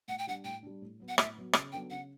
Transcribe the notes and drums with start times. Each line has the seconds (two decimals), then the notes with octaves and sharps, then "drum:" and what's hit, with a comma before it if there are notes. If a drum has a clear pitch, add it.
0.08 A2 F#5
0.18 G5
0.27 G3 D4 F#5
0.44 A2 G5
0.63 G3 D4
0.82 A2
1.00 F#3 B3
1.08 F#5
1.18 A2 E5, drum: rim click
1.36 F#3 B3
1.53 C#3, drum: rim click
1.72 F#3 B3 D4 A4 G5
1.90 C#3 F#5